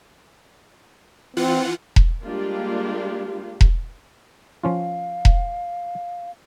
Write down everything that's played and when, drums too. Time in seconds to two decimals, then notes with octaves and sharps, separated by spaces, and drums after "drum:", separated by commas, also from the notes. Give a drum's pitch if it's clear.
1.37 E3 C4 F4 F#5
1.96 drum: kick E1
2.24 G3 G#3 A#3 D4 F4 G4
3.61 drum: kick E1
4.64 F3 C#4 F4 F5
5.25 drum: kick E1